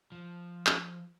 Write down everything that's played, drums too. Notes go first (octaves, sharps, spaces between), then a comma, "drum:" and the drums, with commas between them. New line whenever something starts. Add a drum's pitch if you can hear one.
F3
drum: clap